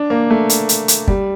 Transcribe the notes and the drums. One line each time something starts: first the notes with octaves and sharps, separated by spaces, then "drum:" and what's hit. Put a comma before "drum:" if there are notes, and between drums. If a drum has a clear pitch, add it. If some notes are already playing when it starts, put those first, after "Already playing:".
Already playing: D4
A#3
A3
drum: hi-hat
drum: hi-hat
drum: hi-hat
G3, drum: kick